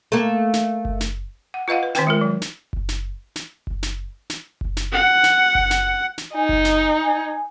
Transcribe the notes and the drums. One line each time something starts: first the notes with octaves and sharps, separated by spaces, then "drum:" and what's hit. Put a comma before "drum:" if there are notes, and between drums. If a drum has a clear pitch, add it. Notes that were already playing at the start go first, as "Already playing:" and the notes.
A3 A#3
drum: snare
drum: kick F#1
drum: snare
F#5
F4 B4 D#5 F5 F#5
B4
D#3 C4 B4 G5, drum: snare
G#3 F4 A#4
F#3
drum: snare
drum: kick F#1
drum: snare
drum: snare
drum: kick F#1
drum: snare
drum: snare
drum: kick F#1
drum: snare
F#5
drum: snare
drum: kick F#1
drum: snare
drum: snare
D#4 G#5
drum: kick F#1
drum: snare
G#5